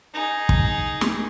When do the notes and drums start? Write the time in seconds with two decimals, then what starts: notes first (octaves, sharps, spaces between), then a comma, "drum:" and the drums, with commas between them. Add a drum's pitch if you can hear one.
0.14 D#4 G#4
0.49 drum: kick
1.01 drum: snare